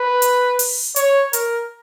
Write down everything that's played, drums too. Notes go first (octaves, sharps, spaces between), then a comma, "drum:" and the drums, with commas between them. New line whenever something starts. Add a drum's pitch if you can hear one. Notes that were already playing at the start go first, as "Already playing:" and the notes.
Already playing: B4
drum: hi-hat
drum: open hi-hat
C#5, drum: hi-hat
A#4, drum: hi-hat